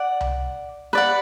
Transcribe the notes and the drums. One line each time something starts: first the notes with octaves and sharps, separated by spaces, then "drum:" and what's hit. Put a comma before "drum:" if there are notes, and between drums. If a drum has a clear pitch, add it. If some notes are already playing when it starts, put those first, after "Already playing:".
Already playing: D5 F#5
drum: tom C2
B4 D5 F#5